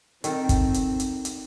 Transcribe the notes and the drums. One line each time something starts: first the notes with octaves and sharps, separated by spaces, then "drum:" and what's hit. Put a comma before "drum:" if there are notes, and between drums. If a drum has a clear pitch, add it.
D#3 C4 A4 A#4, drum: hi-hat
drum: kick, hi-hat
drum: hi-hat
drum: hi-hat
drum: hi-hat